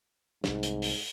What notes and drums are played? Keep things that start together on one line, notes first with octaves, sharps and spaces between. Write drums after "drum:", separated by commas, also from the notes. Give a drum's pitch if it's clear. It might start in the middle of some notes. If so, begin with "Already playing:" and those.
C2 G#2 C3, drum: snare
drum: hi-hat
drum: open hi-hat